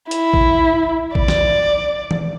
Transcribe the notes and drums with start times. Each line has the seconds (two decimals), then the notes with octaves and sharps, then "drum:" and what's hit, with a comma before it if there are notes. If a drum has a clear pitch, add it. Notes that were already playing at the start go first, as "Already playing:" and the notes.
0.11 E4, drum: hi-hat
0.33 drum: kick
1.15 D5, drum: kick
1.28 drum: snare
2.11 drum: tom E3